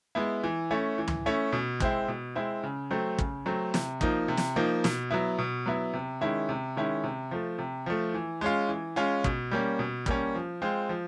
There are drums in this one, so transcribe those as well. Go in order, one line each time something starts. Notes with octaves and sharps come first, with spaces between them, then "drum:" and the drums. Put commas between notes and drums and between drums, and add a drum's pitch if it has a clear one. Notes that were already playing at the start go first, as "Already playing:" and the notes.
G#3 B3 E4
E3
A3 C#4 E4
E3
drum: tom
A3 C#4 E4
B2
G#3 C4 E4, drum: kick
B2
G#3 C4 E4
C#3
F#3 A3 C4
C#3, drum: kick
F#3 A3 C4
C3, drum: snare
F3 A#3 D#4, drum: kick
C3
drum: snare
F3 A#3 D#4
B2, drum: snare
F#3 B3 E4
B2
F#3 B3 E4
C3
D#3 G#3 C#4 E4
C3
D#3 G#3 C#4 E4
C3
F3 A3
C3
F3 A3
E3
G#3 C#4 F4
E3
G#3 C#4 F4
B2, drum: kick
G3 A#3 C#4
B2
G3 A#3 C#4, drum: kick
F3
G#3 C4 F4
F3